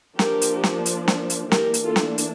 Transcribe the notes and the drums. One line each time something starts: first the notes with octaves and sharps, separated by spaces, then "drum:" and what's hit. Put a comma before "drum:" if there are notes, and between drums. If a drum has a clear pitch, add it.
F3 A#3 D4 G4 A#4, drum: snare
drum: hi-hat
drum: snare
drum: hi-hat
drum: snare
drum: hi-hat
E3 A#3 D4 G4 A#4, drum: snare
drum: hi-hat
F4 A4
drum: snare
drum: hi-hat